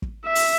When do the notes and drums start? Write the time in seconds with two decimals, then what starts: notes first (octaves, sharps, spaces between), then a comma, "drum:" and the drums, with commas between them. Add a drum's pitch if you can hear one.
0.02 drum: kick
0.26 E5
0.35 drum: open hi-hat